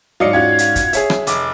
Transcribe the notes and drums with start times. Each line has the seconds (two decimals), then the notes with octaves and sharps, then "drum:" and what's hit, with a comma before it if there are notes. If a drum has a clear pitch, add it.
0.20 G#2 F#3 D5 D#5 F5 C#7
0.33 C#4 F4 F#4 G#6
0.58 drum: hi-hat
0.76 drum: kick, hi-hat
0.93 G#4 C#5 E5, drum: hi-hat
1.10 drum: rim click
1.27 F1 D6, drum: hi-hat